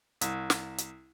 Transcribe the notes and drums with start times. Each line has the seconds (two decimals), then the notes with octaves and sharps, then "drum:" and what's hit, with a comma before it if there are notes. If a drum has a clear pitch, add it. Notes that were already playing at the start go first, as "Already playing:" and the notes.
0.21 C2, drum: hi-hat
0.50 drum: snare
0.78 drum: hi-hat